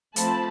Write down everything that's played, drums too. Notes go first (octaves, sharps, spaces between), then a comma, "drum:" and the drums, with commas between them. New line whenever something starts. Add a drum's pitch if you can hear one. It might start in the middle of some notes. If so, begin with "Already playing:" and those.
F3 A3 C4 A5 B5, drum: hi-hat